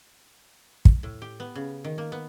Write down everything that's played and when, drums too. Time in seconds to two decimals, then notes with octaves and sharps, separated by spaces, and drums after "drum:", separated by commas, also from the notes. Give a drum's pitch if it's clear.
0.85 drum: kick
1.03 A2
1.22 G4
1.40 B3
1.55 C#3
1.84 D#3
1.98 A#3
2.12 B3